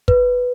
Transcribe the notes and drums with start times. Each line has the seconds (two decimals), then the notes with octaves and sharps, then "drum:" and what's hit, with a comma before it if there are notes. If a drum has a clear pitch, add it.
0.08 B4, drum: kick